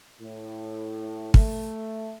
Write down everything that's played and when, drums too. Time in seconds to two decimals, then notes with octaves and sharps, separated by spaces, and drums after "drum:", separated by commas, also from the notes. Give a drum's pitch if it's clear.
0.21 A2
1.34 A3, drum: kick